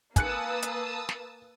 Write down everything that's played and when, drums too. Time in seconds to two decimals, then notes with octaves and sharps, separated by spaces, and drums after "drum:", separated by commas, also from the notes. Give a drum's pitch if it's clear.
0.16 A#3 B4 G#5 A5 D#6 E6 F#6 C#7, drum: kick, hi-hat
0.62 drum: hi-hat
1.09 drum: snare